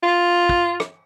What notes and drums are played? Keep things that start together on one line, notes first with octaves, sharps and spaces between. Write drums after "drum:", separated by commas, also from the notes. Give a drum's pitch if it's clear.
F4
drum: kick
drum: rim click